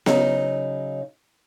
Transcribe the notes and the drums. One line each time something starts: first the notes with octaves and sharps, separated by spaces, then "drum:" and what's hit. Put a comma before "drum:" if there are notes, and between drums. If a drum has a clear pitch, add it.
C#3 F#3 D#4, drum: snare B3